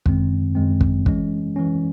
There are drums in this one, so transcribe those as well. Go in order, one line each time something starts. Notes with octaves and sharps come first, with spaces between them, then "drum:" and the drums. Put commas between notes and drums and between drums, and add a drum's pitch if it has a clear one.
F#2 D#3 G#3 C4, drum: kick
F#2 D#3 G#3 C4
drum: kick
E3 G#3 C#4, drum: kick
E3 G#3 C#4